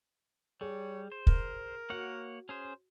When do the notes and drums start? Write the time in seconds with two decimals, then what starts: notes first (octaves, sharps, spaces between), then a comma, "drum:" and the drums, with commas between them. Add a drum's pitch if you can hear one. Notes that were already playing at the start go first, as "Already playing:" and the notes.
0.61 G3 G#4 C#5
1.12 C5
1.27 A#4, drum: kick
1.90 A#3 F#4 C#5 F#5
2.49 C#4 G#4 C5